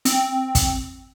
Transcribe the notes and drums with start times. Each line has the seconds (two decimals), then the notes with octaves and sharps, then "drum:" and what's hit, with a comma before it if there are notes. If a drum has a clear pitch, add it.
0.05 C4, drum: hi-hat
0.55 drum: kick, hi-hat